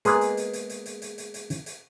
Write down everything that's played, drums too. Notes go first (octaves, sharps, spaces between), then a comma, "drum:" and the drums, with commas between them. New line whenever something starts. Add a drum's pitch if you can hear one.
G#3 A#3 B3 G#4 B4, drum: hi-hat
drum: hi-hat
drum: hi-hat
drum: hi-hat
drum: hi-hat
drum: hi-hat
drum: hi-hat
drum: hi-hat
drum: hi-hat
drum: hi-hat
drum: hi-hat